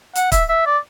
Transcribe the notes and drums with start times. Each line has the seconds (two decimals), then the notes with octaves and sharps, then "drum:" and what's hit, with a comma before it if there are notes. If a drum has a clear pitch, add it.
0.15 F#5, drum: hi-hat
0.32 E5, drum: kick, hi-hat
0.49 E5
0.66 D5